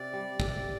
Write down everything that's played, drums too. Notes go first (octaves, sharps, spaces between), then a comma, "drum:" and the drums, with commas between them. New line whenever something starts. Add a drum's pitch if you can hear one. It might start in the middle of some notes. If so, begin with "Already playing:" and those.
Already playing: C3 D5
G3
C3, drum: kick